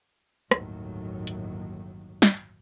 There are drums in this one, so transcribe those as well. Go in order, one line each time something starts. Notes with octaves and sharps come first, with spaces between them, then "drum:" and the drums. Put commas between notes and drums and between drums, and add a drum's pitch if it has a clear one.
G1 D#2 A2 D#3 F#3, drum: rim click
drum: hi-hat
drum: snare